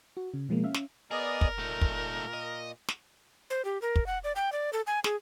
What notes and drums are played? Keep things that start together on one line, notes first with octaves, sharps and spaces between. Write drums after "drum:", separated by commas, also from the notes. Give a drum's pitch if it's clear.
F#4
C#3
B2 F3 G#3 A#3
C#4 E5 F5
drum: snare
B3 G#4 A#4 D5 D#5
drum: kick
A#2 A3 D#4
drum: kick
D#5
drum: snare
C5
G4
A#4
drum: kick
F#5
D5
G5
D5
A4
G#5
G#4, drum: snare